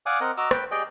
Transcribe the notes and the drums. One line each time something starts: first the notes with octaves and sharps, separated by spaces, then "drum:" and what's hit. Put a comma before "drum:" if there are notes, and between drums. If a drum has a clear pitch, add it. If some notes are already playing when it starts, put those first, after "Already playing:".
D5 F5 F#5 G#5 D6 D#6
C4 A#4 D#5 F#5, drum: tambourine
F#4 D#5 A#5 D6 E6, drum: tambourine
B4 G5, drum: rim click
G4 G#4 D5 D#5 G5